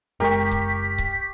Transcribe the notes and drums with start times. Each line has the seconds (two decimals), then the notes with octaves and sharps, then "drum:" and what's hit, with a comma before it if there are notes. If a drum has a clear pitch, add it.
0.20 F#1 G#3 G4 A#4 G5 C#6 B6
0.51 drum: kick C#1
0.98 drum: kick C#1